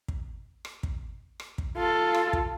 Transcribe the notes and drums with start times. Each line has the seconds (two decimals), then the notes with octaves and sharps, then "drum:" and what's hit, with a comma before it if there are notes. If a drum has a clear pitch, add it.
0.08 drum: kick
0.65 drum: rim click
0.83 drum: kick
1.40 drum: rim click
1.58 drum: kick
1.77 F4 A4
2.14 drum: rim click
2.33 drum: kick